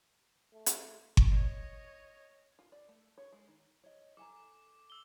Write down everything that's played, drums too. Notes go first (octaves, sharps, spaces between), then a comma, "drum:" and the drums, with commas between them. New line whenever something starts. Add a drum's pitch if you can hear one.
A3
drum: hi-hat
drum: kick G1
C#5 D#5
F4
D5
A3
C#5
G#3
D#3
C#5 D#5
A4 G#5 A#5 D6
E6 G7